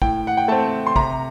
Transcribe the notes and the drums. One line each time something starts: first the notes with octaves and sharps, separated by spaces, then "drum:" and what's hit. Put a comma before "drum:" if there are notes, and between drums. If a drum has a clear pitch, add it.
A2 G5, drum: kick
F#5
G5
A3 C4 A5
C6
C3 A#5, drum: kick